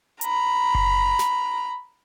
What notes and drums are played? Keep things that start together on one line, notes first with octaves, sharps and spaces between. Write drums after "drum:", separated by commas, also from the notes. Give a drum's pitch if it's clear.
A#5 B5, drum: hi-hat
drum: kick F#1
drum: snare